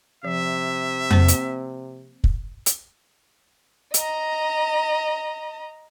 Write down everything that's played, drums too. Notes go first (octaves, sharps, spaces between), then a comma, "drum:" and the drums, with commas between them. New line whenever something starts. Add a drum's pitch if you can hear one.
C3 F3 E5
A#3 C4 C5, drum: tom F2
drum: hi-hat
drum: kick
drum: hi-hat
D#5 A#5, drum: hi-hat